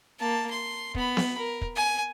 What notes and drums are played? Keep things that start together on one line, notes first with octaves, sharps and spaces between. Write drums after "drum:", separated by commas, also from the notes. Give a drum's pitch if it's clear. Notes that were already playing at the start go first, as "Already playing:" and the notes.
A#3 A5
C6
B3 B5, drum: kick
drum: snare B3
A#4
drum: kick
G#5